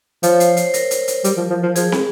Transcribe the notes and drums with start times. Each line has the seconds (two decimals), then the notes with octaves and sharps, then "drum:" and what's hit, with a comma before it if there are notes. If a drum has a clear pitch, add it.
0.23 F3 C#5, drum: hi-hat
0.40 C5, drum: hi-hat
0.57 C5, drum: hi-hat
0.74 A#4, drum: hi-hat
0.91 drum: hi-hat
1.08 drum: hi-hat
1.24 G3, drum: hi-hat
1.37 F3
1.50 F3
1.63 F3
1.76 F3 G#4, drum: hi-hat
1.92 drum: snare